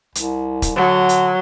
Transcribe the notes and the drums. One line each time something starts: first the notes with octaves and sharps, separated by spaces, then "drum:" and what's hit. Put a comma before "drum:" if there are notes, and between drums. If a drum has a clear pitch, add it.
C2, drum: hi-hat
drum: kick E1, hi-hat
D3 F#3
drum: hi-hat